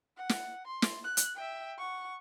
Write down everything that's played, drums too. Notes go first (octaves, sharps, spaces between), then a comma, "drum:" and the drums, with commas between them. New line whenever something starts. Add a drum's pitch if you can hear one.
F#5
drum: snare
C6
drum: snare
F#6
drum: hi-hat
E5 G5
F#5 C#6